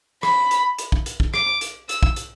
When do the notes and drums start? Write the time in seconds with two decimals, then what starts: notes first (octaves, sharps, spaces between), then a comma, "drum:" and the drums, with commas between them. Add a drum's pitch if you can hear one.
0.23 B5, drum: rim click
0.51 drum: hi-hat
0.79 drum: hi-hat
0.92 drum: kick
1.06 drum: hi-hat
1.20 drum: kick
1.34 D6, drum: rim click
1.61 drum: hi-hat
1.89 E6, drum: hi-hat
2.03 drum: kick
2.16 drum: hi-hat